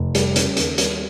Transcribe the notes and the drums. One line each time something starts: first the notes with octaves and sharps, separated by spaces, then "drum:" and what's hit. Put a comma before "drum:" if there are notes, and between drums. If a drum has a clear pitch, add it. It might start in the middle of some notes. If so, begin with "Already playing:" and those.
Already playing: F1
G3, drum: hi-hat
C#3, drum: hi-hat
D#2, drum: hi-hat
G3, drum: hi-hat